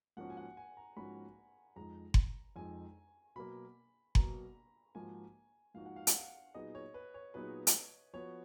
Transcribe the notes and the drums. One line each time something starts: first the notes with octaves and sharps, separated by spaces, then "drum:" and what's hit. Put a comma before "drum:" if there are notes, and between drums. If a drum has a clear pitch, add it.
G#2 F3 A#3 C#4 F#4 F#5
G#5
F#5
G#5
A#5
G#2 F3 A#3 C#4 F#4 B5
F2 F3 G#3 D#4 A#5
drum: kick F#1
F2 F3 G#3 D#4 G#5
B2 F#3 A#3 B5
B2 F#3 A#3 A#5, drum: kick F#1
G#2 F3 A#3 D#4 F#4 G#5
G#2 F3 A#3 D#4 F#4 F5
F#5
F5
F#5, drum: hi-hat
F5
A#2 F#3 B3 D#4 G#4 D#5
C#5
B4
C#5
A#2 F#3 B3 D#4 G#4 B4
drum: hi-hat
F3 B3 F#4 C#5